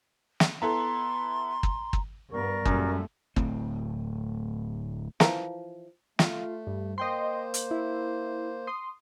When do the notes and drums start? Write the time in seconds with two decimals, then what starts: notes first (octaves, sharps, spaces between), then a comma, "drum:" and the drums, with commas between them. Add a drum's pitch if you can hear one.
0.40 drum: snare
0.62 B3 E4 A4 A#5 C6
1.63 drum: kick
1.93 drum: kick
2.31 G2 B3 A#4 D5 C#6
2.65 F#2 A#2 G3 A3, drum: kick
3.36 D1 A2 C4, drum: kick
5.20 E3 F3 A#4, drum: snare
6.19 A3 F4, drum: snare
6.67 G2
6.98 A#3 C5 D#5 G5 C6
7.54 drum: hi-hat
7.71 E4
8.67 C6 D#6